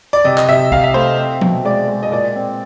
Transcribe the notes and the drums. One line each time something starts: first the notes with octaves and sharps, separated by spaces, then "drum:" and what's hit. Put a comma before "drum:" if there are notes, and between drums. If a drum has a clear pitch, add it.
D5
C3 D#5
D#5, drum: clap
C3 E5
C3 F5, drum: kick C2
E5
A3 C5
C4
B2, drum: tom F3
G#3 D5
G#3
D#5
A#2 D5
C4